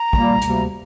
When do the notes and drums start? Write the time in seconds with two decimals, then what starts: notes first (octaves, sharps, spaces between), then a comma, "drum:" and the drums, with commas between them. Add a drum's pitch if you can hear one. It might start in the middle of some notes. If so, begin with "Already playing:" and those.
Already playing: A#5
0.13 A#2 G3 A#3, drum: kick
0.42 D2 C3 G3 A#3, drum: hi-hat